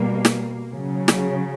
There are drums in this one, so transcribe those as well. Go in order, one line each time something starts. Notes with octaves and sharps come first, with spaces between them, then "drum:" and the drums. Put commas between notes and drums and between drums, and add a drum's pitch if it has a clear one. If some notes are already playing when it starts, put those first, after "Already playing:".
Already playing: B2 G3 A#3
drum: snare
C#3 F#3
drum: snare